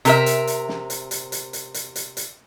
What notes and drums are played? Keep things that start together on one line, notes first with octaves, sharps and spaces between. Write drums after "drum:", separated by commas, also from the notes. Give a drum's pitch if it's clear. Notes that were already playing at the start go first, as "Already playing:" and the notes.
C3 A#4 E5, drum: hi-hat
drum: hi-hat
drum: hi-hat
drum: snare
drum: hi-hat
drum: hi-hat
drum: hi-hat
drum: hi-hat
drum: hi-hat
drum: hi-hat
drum: hi-hat